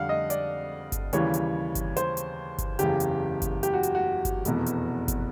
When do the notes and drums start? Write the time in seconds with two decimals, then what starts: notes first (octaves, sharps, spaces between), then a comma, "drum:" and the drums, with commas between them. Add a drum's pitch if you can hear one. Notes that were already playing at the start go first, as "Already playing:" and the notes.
Already playing: F2 D3 G3 F5 F#5
0.09 D#5
0.30 D5, drum: hi-hat
0.92 drum: kick G1, hi-hat
1.13 D#2 C#3 E3 G3 C#5, drum: hi-hat
1.34 drum: hi-hat
1.75 drum: kick G1, hi-hat
1.97 C5, drum: hi-hat
2.17 drum: hi-hat
2.58 drum: kick G1, hi-hat
2.79 F#1 E2 C#3 G4, drum: hi-hat
3.00 drum: hi-hat
3.42 drum: kick G1, hi-hat
3.63 G4, drum: hi-hat
3.73 F#4
3.83 drum: hi-hat
3.95 F#4
4.25 drum: kick G1, hi-hat
4.45 F1 E2 B2, drum: hi-hat
4.66 drum: hi-hat
5.08 drum: kick G1, hi-hat